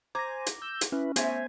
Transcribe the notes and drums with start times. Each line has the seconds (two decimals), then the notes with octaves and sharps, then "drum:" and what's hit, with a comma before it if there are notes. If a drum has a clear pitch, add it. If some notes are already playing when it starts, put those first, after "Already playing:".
0.15 C5 G#5 A#5 D6 A#6
0.46 drum: hi-hat
0.62 E6 G6
0.81 drum: hi-hat
0.92 C#4 E4 B4
1.16 A3 B3 C5 C#5 E5 G#5, drum: hi-hat